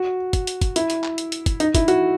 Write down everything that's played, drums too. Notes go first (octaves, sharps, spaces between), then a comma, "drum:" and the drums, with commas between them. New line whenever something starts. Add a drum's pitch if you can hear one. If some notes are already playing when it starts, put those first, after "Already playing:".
Already playing: F#4
drum: kick, hi-hat
drum: hi-hat
drum: kick, hi-hat
E4, drum: hi-hat
drum: hi-hat
drum: clap
drum: hi-hat
drum: hi-hat
drum: kick, hi-hat
D#4, drum: hi-hat
E4, drum: kick, hi-hat
F#4, drum: hi-hat